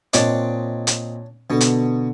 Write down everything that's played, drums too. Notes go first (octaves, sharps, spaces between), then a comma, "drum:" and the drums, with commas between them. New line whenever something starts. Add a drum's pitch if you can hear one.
A#2 C4 D4 C#5 D#5 D6, drum: hi-hat
drum: hi-hat
B2 D3 A4
drum: hi-hat